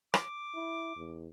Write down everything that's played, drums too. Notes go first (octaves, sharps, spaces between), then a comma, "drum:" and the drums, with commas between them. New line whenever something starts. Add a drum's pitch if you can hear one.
D6, drum: rim click
E4
E2